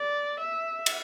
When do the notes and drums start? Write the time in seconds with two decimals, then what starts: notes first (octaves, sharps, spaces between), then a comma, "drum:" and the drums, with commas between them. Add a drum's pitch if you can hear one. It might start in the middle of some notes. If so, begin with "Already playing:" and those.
Already playing: D5
0.40 E5
0.86 drum: cymbal